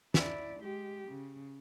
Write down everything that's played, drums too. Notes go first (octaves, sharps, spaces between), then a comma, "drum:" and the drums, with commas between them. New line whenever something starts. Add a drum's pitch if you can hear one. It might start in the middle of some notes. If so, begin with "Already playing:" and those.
E4 D5, drum: snare
G#3 G4
C#3